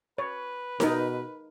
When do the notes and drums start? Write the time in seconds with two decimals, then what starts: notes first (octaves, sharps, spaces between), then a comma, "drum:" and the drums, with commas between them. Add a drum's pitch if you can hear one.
0.18 B4 C#5
0.80 B2 D#4 A#4, drum: snare D#4